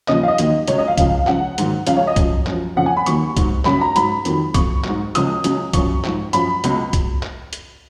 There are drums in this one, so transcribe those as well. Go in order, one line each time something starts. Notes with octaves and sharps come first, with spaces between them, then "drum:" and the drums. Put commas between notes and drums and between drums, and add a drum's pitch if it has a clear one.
D#2 C#3 F3 D#5, drum: clap
F5
D#5
D#2 D#3 F#3, drum: hi-hat
C#2 C#3 F#3 C#5, drum: hi-hat
D#5
F5
C#2 C#3 F3, drum: kick, hi-hat
C#2 C#3 F3 F#5, drum: clap
G#2 D#3 F#3, drum: hi-hat
C#2 C#3 F3 F5, drum: hi-hat
C#5
D#5
F#2 F3, drum: kick, hi-hat
F#2, drum: clap
F3
F2 C#3 F3 F#5
G#5
B5
D#2 D#3 F#3 C#6, drum: hi-hat
G#2 F#3, drum: kick, hi-hat
F#2 C#3 F#3 B5, drum: clap
A#5
G#2 F#3 B5, drum: hi-hat
F2 D#3 F#3, drum: hi-hat
F2 F3 C#6, drum: kick, hi-hat
G#2 F#3, drum: clap
C#2 C#3 F3 D#6, drum: hi-hat
C#2 C#3 F#3, drum: hi-hat
F#2 F3 C#6, drum: kick, hi-hat
G#2 F3, drum: clap
F#2 F3 B5, drum: hi-hat
C#2 B2 F#3, drum: hi-hat
drum: kick, hi-hat
drum: clap
drum: hi-hat